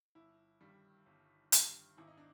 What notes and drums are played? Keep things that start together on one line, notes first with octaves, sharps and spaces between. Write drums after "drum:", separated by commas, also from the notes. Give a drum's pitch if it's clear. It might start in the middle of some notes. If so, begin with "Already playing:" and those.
G1 E4
G2 D#3 G3
G1
G2 D#3 G3, drum: hi-hat
G#1 E4
D#4
D4